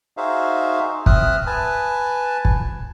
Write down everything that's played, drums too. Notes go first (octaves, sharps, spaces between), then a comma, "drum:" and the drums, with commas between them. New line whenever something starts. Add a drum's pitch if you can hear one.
D#4 F#4 G#4 C5 E5 F5
C4 E5 D#6 F6 F#6, drum: kick
B4 G#5 A5
drum: kick